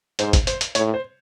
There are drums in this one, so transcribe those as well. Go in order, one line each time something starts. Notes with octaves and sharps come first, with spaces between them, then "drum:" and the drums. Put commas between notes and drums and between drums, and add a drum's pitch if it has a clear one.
G#2 C5, drum: hi-hat
drum: kick, hi-hat
C5, drum: hi-hat
drum: hi-hat
A2 C#5, drum: hi-hat
C5